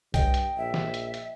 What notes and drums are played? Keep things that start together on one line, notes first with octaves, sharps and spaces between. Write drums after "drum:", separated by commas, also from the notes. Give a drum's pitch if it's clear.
G2 D#5 G5, drum: kick B1, hi-hat
drum: hi-hat
A#1 E5
drum: snare
drum: hi-hat
drum: hi-hat